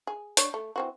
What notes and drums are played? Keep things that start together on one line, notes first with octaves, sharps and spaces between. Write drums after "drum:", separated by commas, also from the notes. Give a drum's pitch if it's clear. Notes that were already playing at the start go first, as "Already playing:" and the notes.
G#4
D4 C#5, drum: hi-hat
A3
E3 C4 F#4